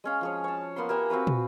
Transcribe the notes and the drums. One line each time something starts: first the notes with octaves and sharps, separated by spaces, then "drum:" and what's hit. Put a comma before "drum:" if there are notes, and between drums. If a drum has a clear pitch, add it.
G#3 C#4 F5
F3 G#4 C#5
C#5 A5
A#3 B3 F#5 C6
A#3 G4 E5 G#5
C4 F4 F#4 B4
drum: tom